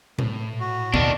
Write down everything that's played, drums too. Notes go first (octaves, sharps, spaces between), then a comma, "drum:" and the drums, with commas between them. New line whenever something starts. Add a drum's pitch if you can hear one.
A2, drum: tom A#2
F#4
D#2 B2 D#3 B3 D4, drum: kick